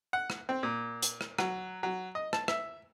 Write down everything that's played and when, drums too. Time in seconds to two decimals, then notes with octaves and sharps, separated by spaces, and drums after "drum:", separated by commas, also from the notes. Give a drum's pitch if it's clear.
0.13 F#5
0.30 drum: rim click
0.49 C4
0.63 A#2
1.02 drum: hi-hat
1.21 drum: rim click
1.39 F#3, drum: rim click
1.83 F#3
2.15 D#5
2.33 A5, drum: rim click
2.48 E5, drum: rim click